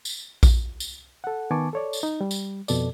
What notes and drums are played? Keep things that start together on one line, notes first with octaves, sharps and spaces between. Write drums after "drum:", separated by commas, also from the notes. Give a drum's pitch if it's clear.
drum: tambourine
drum: kick A#1, tambourine
drum: tambourine
A4 F#5
D#3 B3 G#5 A5 C#6 D6
A4 C#5 D5
drum: tambourine
D#4
G3
drum: tambourine
F2 B2 A4 D5, drum: tambourine